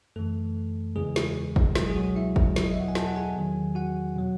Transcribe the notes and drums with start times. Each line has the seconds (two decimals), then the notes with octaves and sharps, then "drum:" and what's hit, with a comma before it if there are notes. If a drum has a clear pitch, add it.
0.16 F#2 E3 A3 A4
0.96 E2 C#3 E3 G#3 G#4
1.16 drum: snare
1.56 drum: kick
1.75 C#2 B2 F#3 G#3 G#4, drum: snare
1.90 G#4
1.96 F#3 F#4
2.16 E4 E5
2.36 drum: kick
2.56 E2 B2 F#3, drum: snare
2.64 D#5
2.71 E5
2.80 F#5
2.88 G#5
2.95 A4 A5, drum: snare
3.08 F#5
3.15 G#4 G#5
3.35 E2 D#3 F#3
3.75 F#4 F#5
4.16 B2 F#3